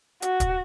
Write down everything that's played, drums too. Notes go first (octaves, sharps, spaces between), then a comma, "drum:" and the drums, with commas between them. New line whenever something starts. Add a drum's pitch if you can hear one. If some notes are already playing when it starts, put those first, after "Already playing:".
F#4, drum: hi-hat
drum: kick, hi-hat